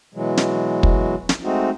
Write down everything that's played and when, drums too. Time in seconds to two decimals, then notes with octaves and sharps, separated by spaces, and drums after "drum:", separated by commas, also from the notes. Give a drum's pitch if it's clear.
0.15 B2 E3 F#3 G#3
0.37 drum: snare
0.83 drum: kick
1.29 drum: snare
1.44 G#3 A3 C4 D#4 F#4